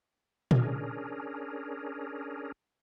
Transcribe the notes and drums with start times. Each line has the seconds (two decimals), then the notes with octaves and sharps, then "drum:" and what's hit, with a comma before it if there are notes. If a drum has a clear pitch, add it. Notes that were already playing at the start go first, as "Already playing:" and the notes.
0.51 C#4 D4 G#4 A#4, drum: tom A#2